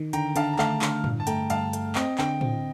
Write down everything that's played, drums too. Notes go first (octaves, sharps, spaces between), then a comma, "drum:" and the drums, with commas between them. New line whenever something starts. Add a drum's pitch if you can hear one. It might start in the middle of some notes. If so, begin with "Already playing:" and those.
Already playing: D#3
D3 G5 A#5, drum: hi-hat
D3 F5 A5, drum: hi-hat
A#5
A3 F5 A5, drum: clap
D3, drum: clap
G2, drum: tom A2
A5
A3 G5 A#5, drum: hi-hat
G2 F5 A5, drum: hi-hat
A3, drum: hi-hat
C4 D#5 G5, drum: clap
D3 D#5 G5, drum: clap
C4, drum: tom A2